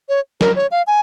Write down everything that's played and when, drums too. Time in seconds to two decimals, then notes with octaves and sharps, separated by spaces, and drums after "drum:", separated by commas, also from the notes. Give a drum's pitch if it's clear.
0.09 C#5
0.41 A#4, drum: snare
0.56 C#5
0.71 F5
0.87 G#5